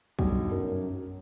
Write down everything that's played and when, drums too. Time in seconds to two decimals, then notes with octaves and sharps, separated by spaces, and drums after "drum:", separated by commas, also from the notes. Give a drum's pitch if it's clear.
0.19 B1 G2, drum: kick
0.52 F#2 A#4